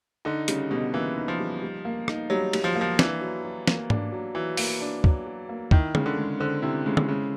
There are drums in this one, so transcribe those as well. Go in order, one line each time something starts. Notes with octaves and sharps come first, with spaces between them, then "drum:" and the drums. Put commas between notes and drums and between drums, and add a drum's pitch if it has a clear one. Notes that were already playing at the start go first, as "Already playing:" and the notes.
D3 D#4
C#3 G3, drum: hi-hat
B2 G3
E3 A#3
D#4
F3
G3
G3
A#3
D#4, drum: rim click
F#3 G3
G3, drum: cymbal
F3
A#3
F3
E3 D4, drum: snare
F#3
F#3
A#3, drum: snare
D4, drum: tom G#2
F#3
E3 F#3
A#3, drum: open hi-hat
D4
F#3, drum: kick
F#3
A#3
D#3 E4, drum: kick
C#3 G#3, drum: tom
D3
G#3
D3 C4
C3 E4
C#3 G#3
drum: tom
C#3 G#3